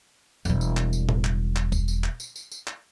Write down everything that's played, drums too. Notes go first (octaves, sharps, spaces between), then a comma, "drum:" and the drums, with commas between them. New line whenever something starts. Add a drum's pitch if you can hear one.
E1 G3, drum: tambourine
drum: tambourine
drum: clap
drum: tambourine
drum: tom A2
drum: clap
drum: clap
drum: kick, tambourine
drum: tambourine
drum: clap
drum: tambourine
drum: tambourine
drum: tambourine
drum: clap